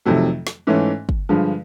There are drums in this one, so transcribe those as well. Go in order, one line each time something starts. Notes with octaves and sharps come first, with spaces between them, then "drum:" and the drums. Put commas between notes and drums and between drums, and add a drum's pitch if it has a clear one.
F2 C3 D#3 F#3 A3
drum: snare
G#2 E3 A3 C#4
drum: kick
G2 D3 F3 G#3